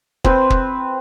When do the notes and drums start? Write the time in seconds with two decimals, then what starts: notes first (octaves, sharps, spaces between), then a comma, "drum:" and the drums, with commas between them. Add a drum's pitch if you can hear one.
0.24 C4 B4 C5, drum: kick
0.50 drum: kick